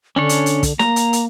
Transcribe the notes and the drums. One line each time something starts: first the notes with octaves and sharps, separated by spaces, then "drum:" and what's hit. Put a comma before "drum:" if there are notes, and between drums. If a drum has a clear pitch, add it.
D3 C#4 D4 C#5
drum: hi-hat
drum: hi-hat
drum: kick, hi-hat
A#3 A#5, drum: snare
drum: hi-hat
drum: hi-hat